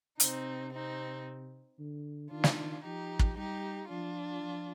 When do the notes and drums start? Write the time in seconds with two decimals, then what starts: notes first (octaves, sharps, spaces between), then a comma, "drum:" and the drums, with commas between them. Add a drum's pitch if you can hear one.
0.20 C3 C4 D#4, drum: hi-hat
0.73 C4 D#4
1.79 D3
2.31 D#3 D4 F4
2.44 drum: snare
2.84 F3 D#4 G4
3.19 drum: kick
3.37 G3 D#4 G4
3.90 F3 D4 F4
4.43 F3